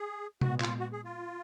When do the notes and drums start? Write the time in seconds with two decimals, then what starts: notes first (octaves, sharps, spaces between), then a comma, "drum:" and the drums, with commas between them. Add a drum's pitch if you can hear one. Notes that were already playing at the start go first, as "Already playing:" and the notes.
Already playing: G#4
0.41 A#2 G#3 B3 F#4, drum: tom C3
0.60 F4, drum: clap
0.79 F#4
0.92 G#4
1.04 F4